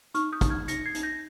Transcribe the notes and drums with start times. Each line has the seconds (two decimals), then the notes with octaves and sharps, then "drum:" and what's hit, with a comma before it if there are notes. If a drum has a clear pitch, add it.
0.14 D#4 C#6 F6, drum: hi-hat
0.32 D#6 G6
0.41 D#4, drum: kick, hi-hat
0.50 F6 G#6
0.68 D#4 A#6 C#7, drum: hi-hat
0.85 G#6 C7
0.94 D#4, drum: hi-hat
1.03 G6 A#6